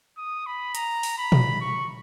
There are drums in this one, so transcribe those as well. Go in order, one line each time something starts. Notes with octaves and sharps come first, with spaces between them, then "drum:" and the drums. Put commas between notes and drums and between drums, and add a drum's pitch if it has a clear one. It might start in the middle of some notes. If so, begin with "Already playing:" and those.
D#6
B5
A#5, drum: hi-hat
drum: open hi-hat
B5
drum: tom A#2
C#6